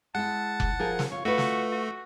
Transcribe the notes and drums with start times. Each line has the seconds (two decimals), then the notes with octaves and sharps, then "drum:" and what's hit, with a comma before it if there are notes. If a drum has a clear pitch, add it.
0.15 G#3 E4 F#5 A5
0.60 drum: kick F1
0.79 F3 G#4 A#4
0.99 drum: snare
1.12 F4 C#5
1.25 A3 F4 F#4 B4
1.38 drum: snare
1.72 F#4